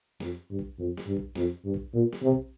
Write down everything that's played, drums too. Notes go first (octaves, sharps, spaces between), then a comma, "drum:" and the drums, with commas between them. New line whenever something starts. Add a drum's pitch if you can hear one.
F2, drum: snare
G2
drum: kick B1
F2
drum: snare
G2
drum: kick B1
F2, drum: snare
G2
drum: kick B1
A#2
drum: snare
C3
drum: kick B1